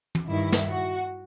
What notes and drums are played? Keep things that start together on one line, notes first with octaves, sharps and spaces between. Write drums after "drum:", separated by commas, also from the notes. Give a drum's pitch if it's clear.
drum: tom
G2 D#3 E4
drum: snare
F#4